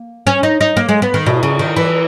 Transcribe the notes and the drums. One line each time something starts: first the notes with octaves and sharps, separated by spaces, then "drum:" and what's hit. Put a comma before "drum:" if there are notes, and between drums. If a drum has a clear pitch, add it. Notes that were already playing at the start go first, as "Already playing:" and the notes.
Already playing: A#3
C#4
D#4
D#4
A#3
G#3
B3
D#3
B2, drum: cymbal
C#3
D#3
E3